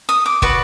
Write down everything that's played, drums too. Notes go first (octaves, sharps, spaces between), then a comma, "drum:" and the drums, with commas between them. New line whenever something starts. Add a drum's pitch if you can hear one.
D#6
D6
F#4 B4 D5 C#6, drum: kick